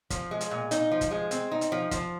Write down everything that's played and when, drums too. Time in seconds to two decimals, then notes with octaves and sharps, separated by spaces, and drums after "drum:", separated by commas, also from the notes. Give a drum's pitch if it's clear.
0.10 F3, drum: kick, hi-hat
0.31 G#3
0.41 drum: hi-hat
0.51 A#2
0.71 D#4, drum: hi-hat
0.91 F3
1.01 drum: kick, hi-hat
1.11 G#3
1.31 C4, drum: hi-hat
1.52 D#4
1.61 drum: hi-hat
1.72 F3
1.91 F3, drum: kick, hi-hat